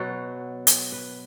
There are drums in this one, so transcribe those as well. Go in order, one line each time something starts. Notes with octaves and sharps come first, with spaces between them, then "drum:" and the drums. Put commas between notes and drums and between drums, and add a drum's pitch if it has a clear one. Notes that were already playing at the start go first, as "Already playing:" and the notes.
Already playing: B2 F#3 F#4
drum: hi-hat
B4